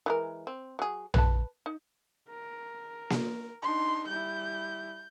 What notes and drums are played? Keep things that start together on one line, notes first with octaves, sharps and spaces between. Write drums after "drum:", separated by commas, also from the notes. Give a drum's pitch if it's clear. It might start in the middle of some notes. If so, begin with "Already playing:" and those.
E3 G#3 A#4
C4
F#3 G#4
B4 A5, drum: tom A#1
D#4
A#4
drum: snare A#3
D4 D#4 C6
G3 E4 G6